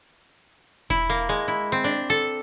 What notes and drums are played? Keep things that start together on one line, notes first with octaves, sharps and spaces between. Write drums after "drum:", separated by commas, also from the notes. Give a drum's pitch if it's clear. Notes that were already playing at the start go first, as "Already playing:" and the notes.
E4, drum: kick E1
A#3
G#3
E4
C4
D4
A4